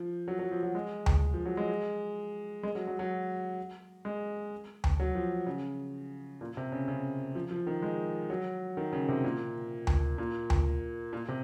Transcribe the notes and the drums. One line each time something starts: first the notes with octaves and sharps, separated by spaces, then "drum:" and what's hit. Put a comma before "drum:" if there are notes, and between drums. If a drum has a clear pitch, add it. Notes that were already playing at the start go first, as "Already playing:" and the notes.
Already playing: F3
F#3
F#3
F3
F#3
G#3
drum: tom D2
F3
F#3
G#3
G#3
F#3
F#3
F#3
G#3
drum: tom D2
F#3
F3
C#3
A#2
C3
C#3
C#3
F3
F3
D#3
G#3
F#3
D#3
C#3
C3
A#2
drum: tom D2
A#2
drum: tom D2
A#2
C3